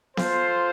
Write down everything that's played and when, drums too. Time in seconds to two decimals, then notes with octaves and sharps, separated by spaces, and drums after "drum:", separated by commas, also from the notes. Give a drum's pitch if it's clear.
0.17 F4 A4 C5, drum: snare B3